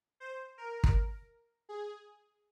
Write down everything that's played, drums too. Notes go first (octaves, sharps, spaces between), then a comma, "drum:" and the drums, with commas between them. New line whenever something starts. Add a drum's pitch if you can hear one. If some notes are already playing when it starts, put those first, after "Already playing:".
C5
A#4
drum: kick
G#4